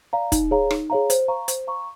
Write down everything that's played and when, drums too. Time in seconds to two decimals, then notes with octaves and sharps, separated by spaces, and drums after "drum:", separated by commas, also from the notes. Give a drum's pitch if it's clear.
0.13 D5 F5 A#5
0.32 D#4, drum: kick, hi-hat
0.51 G#4 C#5 F5 A#5
0.71 D#4, drum: rim click
0.90 G#4 C#5 F5 A#5
1.10 C5, drum: hi-hat
1.28 F5 A#5 C#6
1.48 C5, drum: hi-hat
1.67 F5 A#5 C#6